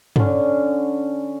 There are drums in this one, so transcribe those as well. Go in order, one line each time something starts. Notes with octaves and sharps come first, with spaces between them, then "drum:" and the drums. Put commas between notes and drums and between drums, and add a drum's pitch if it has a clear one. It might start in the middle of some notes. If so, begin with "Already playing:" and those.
D3 C#4, drum: tom G2